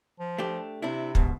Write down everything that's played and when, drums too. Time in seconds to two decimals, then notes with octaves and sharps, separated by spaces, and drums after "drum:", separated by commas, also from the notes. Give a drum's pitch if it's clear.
0.20 F3
0.39 A3 D4 G4
0.82 C3 C4 D4 E4
1.15 D2 G#2 B2, drum: kick